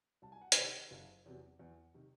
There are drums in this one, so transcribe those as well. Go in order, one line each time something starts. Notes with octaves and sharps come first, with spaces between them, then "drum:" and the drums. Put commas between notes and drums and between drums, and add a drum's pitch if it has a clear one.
C2 A5
G#5
F#5
C3 D#3 G#5, drum: hi-hat
F#1
E2 C3 F#3
E2
C3 D#3